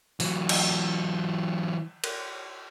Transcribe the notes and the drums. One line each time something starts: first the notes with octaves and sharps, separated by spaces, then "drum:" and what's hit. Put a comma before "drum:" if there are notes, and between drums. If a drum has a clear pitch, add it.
E3 F#3, drum: open hi-hat
drum: cymbal
drum: cymbal